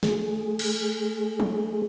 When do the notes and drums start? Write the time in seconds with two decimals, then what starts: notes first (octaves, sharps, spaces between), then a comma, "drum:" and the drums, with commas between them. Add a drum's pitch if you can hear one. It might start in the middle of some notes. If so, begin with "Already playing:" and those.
0.03 A3 G#4, drum: snare
0.59 drum: cymbal
1.40 drum: tom